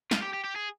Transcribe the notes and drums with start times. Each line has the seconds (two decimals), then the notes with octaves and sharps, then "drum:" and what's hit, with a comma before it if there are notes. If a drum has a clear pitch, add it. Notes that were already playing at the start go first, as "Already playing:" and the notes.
0.11 F4, drum: snare
0.22 G4
0.33 G4
0.44 G4
0.56 G#4